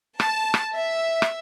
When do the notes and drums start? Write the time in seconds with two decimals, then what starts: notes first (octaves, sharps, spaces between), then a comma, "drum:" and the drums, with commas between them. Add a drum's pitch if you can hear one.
0.20 A5, drum: rim click
0.54 drum: rim click
0.75 E5
1.22 drum: rim click